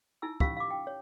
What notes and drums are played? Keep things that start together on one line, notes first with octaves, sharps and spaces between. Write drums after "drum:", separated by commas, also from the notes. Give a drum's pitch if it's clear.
D#4 E4 G#5 E6
C#4 F4 G4 F5 E6, drum: kick
F5 D6
G5
C#5